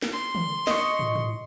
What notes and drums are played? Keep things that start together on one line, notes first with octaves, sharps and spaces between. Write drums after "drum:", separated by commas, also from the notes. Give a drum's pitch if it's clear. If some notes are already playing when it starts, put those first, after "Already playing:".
drum: snare
C6
drum: tom
D#5 C#6, drum: snare
drum: tom
drum: tom